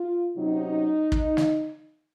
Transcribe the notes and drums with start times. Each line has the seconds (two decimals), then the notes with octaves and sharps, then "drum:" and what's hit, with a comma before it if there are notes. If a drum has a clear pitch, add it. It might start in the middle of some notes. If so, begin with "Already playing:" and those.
Already playing: F4
0.36 C3 F#3 C#4 D#4
1.12 drum: kick
1.37 drum: snare